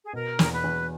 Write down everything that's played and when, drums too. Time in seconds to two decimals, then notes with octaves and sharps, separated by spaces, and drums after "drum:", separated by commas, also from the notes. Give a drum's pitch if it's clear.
0.04 G#4
0.13 B2 A#4
0.39 E2, drum: snare
0.52 B4
0.64 E2